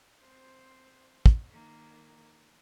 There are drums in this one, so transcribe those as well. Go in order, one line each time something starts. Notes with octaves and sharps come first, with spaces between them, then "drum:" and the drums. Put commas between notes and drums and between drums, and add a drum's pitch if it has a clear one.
C4 C5
drum: kick
D#3 A#3